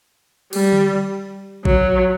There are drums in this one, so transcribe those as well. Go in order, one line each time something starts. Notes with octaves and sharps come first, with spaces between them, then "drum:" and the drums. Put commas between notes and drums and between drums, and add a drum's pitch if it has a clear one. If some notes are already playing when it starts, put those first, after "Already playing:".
G3, drum: cymbal
drum: tom D3
F#3, drum: kick A1